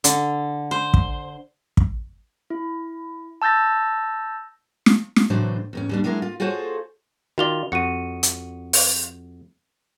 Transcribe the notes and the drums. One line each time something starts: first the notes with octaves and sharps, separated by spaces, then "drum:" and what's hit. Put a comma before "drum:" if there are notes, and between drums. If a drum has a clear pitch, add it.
D3, drum: hi-hat
C5
drum: kick
drum: kick
E4
A5 E6 G6 A6 A#6
drum: snare
drum: snare
A2 C3 E3 F#3 D4 C5
E2 G#2 C#4
D#2 G3 D4
F#3 G#3 D4 E4 A#4
F4
F4 F#4 G#4 A4 C5 C#5
D#3 F4 F#4 D5 F7 G7
F2 F#4 C#7 D#7
drum: hi-hat
drum: open hi-hat